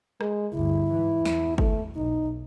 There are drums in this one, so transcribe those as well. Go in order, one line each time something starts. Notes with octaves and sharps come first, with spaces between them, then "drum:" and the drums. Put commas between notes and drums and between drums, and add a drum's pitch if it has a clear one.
G#3, drum: rim click
G1 D2 E4
G#2 E3
E2, drum: snare
A3, drum: kick
B1 D#4